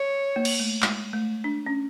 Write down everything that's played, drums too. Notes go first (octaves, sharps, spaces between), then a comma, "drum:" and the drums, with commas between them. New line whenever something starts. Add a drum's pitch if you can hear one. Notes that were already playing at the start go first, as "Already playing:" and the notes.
Already playing: C#5
A#3
drum: cymbal
A3
G#3, drum: clap
A3
D4
C#4